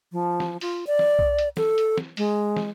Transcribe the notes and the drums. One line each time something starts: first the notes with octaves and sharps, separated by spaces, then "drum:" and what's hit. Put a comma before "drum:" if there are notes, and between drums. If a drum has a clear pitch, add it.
F3
drum: snare
F4, drum: open hi-hat
D5
drum: snare
drum: kick B1
drum: hi-hat
A4, drum: snare
drum: hi-hat
drum: snare
G#3, drum: open hi-hat
drum: snare